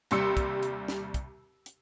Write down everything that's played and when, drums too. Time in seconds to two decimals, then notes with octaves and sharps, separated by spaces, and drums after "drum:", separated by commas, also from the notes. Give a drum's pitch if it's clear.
0.11 D#2 C3 G3 C6 E6 C#7, drum: hi-hat
0.37 drum: kick, hi-hat
0.63 drum: hi-hat
0.88 drum: snare
1.14 drum: kick, hi-hat
1.66 drum: hi-hat